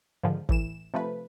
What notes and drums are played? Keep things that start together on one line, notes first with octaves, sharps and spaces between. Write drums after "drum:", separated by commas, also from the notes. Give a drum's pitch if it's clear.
G#2 D3 D#3 F3
A2 E3 E7, drum: kick
C3 F3 A3 B4